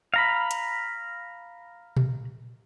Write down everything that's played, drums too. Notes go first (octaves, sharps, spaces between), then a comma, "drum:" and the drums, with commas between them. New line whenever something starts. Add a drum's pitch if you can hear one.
F5 A#5 B5
drum: hi-hat
drum: tom A#2